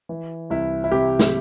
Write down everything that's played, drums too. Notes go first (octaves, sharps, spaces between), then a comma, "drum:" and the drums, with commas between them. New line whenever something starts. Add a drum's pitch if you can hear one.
E3
C2 E4
E4
C3 G4
drum: snare